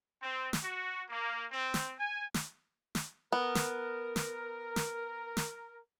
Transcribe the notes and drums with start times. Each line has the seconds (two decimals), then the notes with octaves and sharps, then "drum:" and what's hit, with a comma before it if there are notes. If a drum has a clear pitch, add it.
0.23 C4
0.53 drum: snare
0.63 F#4
1.10 A#3
1.51 C4
1.74 drum: snare
1.99 G#5
2.34 drum: snare
2.95 drum: snare
3.32 B3 A#4
3.55 drum: snare
4.16 drum: snare
4.76 drum: snare
5.37 drum: snare